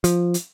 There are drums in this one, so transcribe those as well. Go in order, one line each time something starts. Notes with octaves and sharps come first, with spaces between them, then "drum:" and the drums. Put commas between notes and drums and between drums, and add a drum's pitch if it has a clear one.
F3, drum: hi-hat
drum: hi-hat